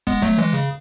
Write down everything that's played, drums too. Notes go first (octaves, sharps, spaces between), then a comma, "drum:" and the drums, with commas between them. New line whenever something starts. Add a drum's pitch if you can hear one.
G#3 B3, drum: kick, hi-hat
F#3 A3, drum: kick, hi-hat
E3 G#3
C#3, drum: hi-hat